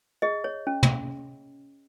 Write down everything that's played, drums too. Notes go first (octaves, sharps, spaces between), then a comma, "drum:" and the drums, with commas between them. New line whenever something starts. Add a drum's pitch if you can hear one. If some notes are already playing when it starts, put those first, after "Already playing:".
G#4 D#5
C#5
C#4
drum: tom